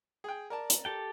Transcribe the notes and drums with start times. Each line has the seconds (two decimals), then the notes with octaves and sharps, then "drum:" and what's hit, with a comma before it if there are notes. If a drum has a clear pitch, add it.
0.24 G#4 G5
0.50 A#4 D5 A5
0.70 drum: hi-hat
0.85 G4 A4 G5